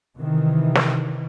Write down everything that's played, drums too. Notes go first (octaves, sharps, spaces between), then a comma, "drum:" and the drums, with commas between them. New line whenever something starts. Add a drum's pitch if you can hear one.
C3 D#3 E3
drum: snare